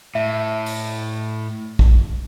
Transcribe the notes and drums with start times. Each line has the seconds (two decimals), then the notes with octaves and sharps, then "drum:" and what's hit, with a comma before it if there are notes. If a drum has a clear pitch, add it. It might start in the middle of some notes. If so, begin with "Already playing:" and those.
0.15 A2 E5
0.66 drum: open hi-hat
1.79 drum: kick A#1